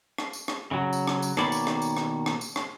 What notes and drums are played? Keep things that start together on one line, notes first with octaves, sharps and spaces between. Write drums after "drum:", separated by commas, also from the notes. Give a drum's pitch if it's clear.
drum: rim click
drum: tambourine
drum: rim click
C#3 F#3
drum: tambourine
drum: rim click
drum: tambourine
B2 D#3 A#3 C#5 D5 B5, drum: rim click
drum: tambourine
drum: rim click
drum: tambourine
drum: rim click
drum: rim click
drum: tambourine
drum: rim click